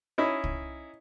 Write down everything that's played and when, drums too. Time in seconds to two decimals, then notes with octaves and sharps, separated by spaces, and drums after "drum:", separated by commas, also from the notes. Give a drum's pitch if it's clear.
0.18 C#4 D#4 E4
0.44 drum: kick C2